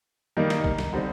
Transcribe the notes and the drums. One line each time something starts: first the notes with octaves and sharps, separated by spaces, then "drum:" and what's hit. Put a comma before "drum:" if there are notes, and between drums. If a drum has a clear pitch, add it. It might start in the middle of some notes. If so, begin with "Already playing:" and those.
D#3 G3 A#3 D#4
drum: snare
drum: kick
drum: snare
D3 G3 C4 D#4